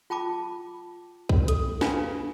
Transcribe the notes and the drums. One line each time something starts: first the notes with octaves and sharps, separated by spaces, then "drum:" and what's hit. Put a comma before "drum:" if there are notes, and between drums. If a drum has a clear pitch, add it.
F4 G5 A5 B5 D6
drum: kick
A4, drum: hi-hat
C#4 D4 B4 F5 G#5 B5, drum: snare